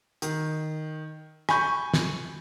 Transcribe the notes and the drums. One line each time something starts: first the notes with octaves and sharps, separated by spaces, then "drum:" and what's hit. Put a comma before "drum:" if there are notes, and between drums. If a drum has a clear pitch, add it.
D#3, drum: hi-hat
G#5 B5 C#6 G6, drum: rim click
drum: snare